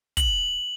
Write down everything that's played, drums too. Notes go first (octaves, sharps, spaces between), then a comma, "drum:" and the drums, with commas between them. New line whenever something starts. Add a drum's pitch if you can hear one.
F#7, drum: kick, hi-hat